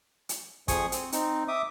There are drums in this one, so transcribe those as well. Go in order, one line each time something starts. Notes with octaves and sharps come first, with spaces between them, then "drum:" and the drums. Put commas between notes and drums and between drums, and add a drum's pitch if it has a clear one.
drum: hi-hat
F2 F3 G#4 G#5 C#6 D#6, drum: kick, hi-hat
C4, drum: hi-hat
C4 D#4, drum: hi-hat
E5 D6 D#6